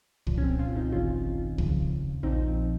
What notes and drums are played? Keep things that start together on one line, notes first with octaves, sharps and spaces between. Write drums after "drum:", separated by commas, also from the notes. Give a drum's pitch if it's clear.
C2 A#2 F3, drum: kick
C#4
C4
C#4 F4
C4 D#4
G1 F2 D#3 C#4 F4
D#2 C#3 F3, drum: kick
A#1 A#2 F3 C4 D#4